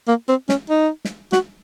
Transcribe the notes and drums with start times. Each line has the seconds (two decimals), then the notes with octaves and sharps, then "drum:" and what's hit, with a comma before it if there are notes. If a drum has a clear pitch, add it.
0.07 A#3
0.28 C4
0.49 C#4, drum: snare
0.70 D#4
1.05 drum: snare
1.32 F#4, drum: snare